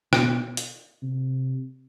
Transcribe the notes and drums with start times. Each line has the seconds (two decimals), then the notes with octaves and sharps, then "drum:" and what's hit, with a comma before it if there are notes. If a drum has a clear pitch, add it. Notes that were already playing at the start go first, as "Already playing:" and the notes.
0.13 B2, drum: rim click
0.57 drum: hi-hat
1.02 C3